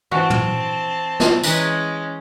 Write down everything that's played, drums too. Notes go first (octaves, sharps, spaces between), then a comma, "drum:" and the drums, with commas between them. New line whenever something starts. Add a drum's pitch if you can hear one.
E3 C4 F#4 A5 C#6
drum: tom
drum: snare
E3 G#3 C#4 B4 A#5, drum: tambourine